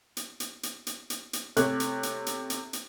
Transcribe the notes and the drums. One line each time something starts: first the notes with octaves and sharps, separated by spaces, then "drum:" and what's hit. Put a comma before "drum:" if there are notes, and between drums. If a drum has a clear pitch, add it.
drum: hi-hat
drum: hi-hat
drum: hi-hat
drum: hi-hat
drum: hi-hat
drum: hi-hat
C3 A3 C#5 F#6, drum: hi-hat
drum: hi-hat
drum: hi-hat
drum: hi-hat
drum: hi-hat
drum: hi-hat